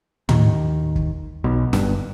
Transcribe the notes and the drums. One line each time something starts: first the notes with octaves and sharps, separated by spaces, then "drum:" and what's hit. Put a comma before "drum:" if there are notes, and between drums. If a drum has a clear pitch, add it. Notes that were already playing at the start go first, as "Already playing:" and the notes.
D#2 D#3, drum: tom
drum: kick
B1 B2
G1 G2, drum: snare